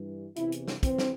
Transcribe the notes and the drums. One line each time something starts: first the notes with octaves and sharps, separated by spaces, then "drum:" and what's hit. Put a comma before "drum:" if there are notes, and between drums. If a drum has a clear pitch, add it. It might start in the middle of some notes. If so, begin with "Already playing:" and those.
Already playing: G2 E3
E2 C3 E3 E4, drum: hi-hat
drum: hi-hat
drum: snare
E2 E3 C4, drum: kick, hi-hat
drum: snare